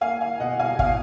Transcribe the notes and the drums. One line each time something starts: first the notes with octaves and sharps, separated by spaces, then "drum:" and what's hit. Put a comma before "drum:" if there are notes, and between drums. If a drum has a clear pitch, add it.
A#3 F5 G#5
F5 G#5
B2 D#5 F#5
F5 G#5
B2 F5 G#5, drum: kick